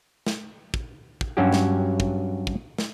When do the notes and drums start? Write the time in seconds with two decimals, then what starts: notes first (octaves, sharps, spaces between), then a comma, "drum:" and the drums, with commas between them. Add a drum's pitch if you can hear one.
0.27 drum: snare
0.74 drum: kick
1.21 drum: kick
1.37 G2 F#3 C#4 F#4 G4
1.52 drum: snare
2.00 drum: kick
2.47 drum: kick
2.78 drum: snare